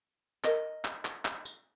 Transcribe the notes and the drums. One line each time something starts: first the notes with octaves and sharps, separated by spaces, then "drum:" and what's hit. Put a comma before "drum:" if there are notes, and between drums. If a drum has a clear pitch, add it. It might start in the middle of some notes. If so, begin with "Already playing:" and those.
A#4 D#5, drum: clap
drum: clap
drum: clap
drum: clap
drum: tambourine